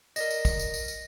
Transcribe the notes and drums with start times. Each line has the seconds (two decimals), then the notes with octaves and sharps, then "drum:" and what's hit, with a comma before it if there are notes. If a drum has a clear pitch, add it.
0.16 A#4 D5 D#5 A#6, drum: tambourine
0.30 drum: tambourine
0.45 drum: kick, tambourine
0.59 drum: tambourine
0.74 drum: tambourine
0.88 drum: tambourine